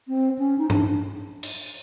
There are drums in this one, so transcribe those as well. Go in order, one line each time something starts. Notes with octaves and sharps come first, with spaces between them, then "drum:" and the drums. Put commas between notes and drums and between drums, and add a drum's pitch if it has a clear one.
C4
C#4
D#4
D4, drum: tom G2
drum: cymbal